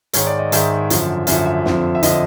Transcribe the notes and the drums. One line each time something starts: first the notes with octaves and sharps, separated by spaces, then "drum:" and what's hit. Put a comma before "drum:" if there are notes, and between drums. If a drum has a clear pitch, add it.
G#2 D#3 C#5, drum: hi-hat
D5
D#5
G#2 D#3 E5, drum: hi-hat
F#2 D3 F3, drum: hi-hat
F#2 D3 F3 E5, drum: hi-hat
E5
F2 D3 F3, drum: snare
E5
D3 F3 D#5, drum: hi-hat